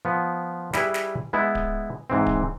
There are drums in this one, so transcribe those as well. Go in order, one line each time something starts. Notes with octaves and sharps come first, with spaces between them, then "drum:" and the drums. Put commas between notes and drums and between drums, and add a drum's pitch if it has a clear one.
F3 B3
G3 E4 G#4 B4, drum: snare
drum: snare
G#3 B3 E4
drum: kick D1
G#2 E3 C4
drum: kick D1